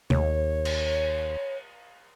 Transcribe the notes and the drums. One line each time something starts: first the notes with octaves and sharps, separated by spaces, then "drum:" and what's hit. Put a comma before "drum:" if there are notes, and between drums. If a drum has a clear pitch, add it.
D#2 C#5, drum: tom
drum: cymbal